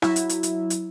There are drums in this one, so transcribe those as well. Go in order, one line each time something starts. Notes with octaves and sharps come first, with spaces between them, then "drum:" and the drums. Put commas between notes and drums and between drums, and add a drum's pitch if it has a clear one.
F#3 E4, drum: rim click
drum: hi-hat
drum: hi-hat
drum: hi-hat
drum: hi-hat